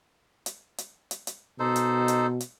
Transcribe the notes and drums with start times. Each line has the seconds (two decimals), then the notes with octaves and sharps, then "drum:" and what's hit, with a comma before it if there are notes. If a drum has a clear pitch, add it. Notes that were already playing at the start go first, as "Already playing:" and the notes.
0.46 drum: hi-hat
0.78 drum: hi-hat
1.11 drum: hi-hat
1.27 drum: hi-hat
1.59 B2 D#4 A4 C5
1.76 drum: hi-hat
2.08 drum: hi-hat
2.40 drum: hi-hat